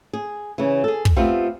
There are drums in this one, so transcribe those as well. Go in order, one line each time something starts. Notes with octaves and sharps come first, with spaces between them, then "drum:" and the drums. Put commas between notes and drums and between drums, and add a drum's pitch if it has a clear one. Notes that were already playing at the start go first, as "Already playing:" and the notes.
G#4
C#3 E3
G#4 A4
drum: kick
A3 B3 C4 F4 G4